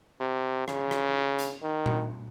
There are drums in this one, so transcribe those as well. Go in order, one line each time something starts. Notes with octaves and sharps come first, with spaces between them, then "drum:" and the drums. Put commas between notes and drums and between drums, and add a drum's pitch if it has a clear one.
C3
C#3, drum: rim click
drum: rim click
drum: hi-hat
D#3
drum: tom A#2